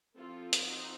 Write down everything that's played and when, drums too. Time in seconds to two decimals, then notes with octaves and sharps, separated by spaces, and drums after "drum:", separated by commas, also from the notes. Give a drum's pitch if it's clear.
0.16 F3 C4 F4 A4
0.53 drum: hi-hat
0.64 D#4 F#4